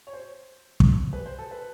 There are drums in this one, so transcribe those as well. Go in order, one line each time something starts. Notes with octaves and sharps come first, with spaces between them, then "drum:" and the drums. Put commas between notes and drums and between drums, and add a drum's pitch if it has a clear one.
C#5
C5
drum: kick
B4
C5
A4
B4